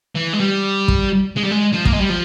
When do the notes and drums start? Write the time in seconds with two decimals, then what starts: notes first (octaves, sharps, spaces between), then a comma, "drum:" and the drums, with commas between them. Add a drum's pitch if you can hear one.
0.15 E3
0.33 G#3
0.40 G3
0.88 drum: kick
1.37 G#3
1.44 G3
1.51 G#3
1.73 F3
1.85 A#3, drum: kick
1.93 G#3
2.01 G3
2.10 F3